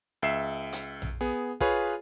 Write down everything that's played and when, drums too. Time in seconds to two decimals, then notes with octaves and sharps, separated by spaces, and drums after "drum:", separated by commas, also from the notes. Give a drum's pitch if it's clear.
0.23 C#2 E5 C7 E7
0.73 drum: hi-hat
1.02 drum: tom A#1
1.21 B3 G#4
1.61 F4 G#4 B4 C#5, drum: kick